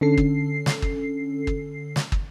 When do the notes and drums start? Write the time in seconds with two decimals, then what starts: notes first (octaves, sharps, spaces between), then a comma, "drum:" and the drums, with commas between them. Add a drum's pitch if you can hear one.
0.01 D3 C#4 A4 C7
0.17 drum: kick
0.66 drum: snare
0.82 drum: kick
1.47 drum: kick
1.96 drum: snare
2.12 drum: kick